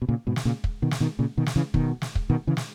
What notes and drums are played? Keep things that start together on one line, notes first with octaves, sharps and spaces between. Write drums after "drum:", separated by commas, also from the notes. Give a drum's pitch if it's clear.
B2
A#2 C#3
G#2 B2
drum: snare
A#2 C#3
drum: kick
B2 D#3
drum: snare
B2 D#3
A#2 C#3
B2 D#3
drum: snare
C#3 E3
B2 D#3, drum: kick
drum: snare
drum: kick
B2 D#3
C#3 E3
drum: snare